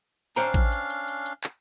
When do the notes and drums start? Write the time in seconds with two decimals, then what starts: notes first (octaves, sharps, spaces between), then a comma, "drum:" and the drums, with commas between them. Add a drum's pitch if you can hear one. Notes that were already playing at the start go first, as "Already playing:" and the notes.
0.36 C#4 D4 C5 F5 G5 A#5, drum: hi-hat
0.54 drum: kick A1, hi-hat
0.72 drum: hi-hat
0.90 drum: hi-hat
1.08 drum: hi-hat
1.26 drum: hi-hat
1.44 drum: clap